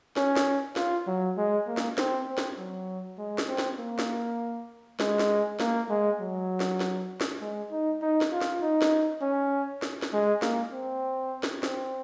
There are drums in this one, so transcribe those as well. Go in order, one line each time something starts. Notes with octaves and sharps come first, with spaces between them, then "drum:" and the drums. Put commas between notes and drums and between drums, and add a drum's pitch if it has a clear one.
C#4, drum: snare
drum: snare
F4, drum: snare
F#3
G#3
A#3
drum: snare
C4, drum: snare
C4
drum: snare
F#3
G#3
drum: snare
C4
drum: snare
A#3
drum: snare
G#3, drum: snare
drum: snare
A#3, drum: snare
G#3
F#3
drum: snare
drum: snare
drum: snare
G#3
D#4
D#4
drum: snare
F4
drum: snare
D#4
drum: snare
C#4
drum: snare
drum: snare
G#3
A#3, drum: snare
C4
drum: snare
C4, drum: snare